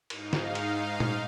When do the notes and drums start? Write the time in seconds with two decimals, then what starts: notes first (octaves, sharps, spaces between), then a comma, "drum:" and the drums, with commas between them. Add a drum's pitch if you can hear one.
0.10 G#2 D#4 F5, drum: cymbal
0.33 drum: snare
0.55 drum: cymbal
1.00 drum: tom A#2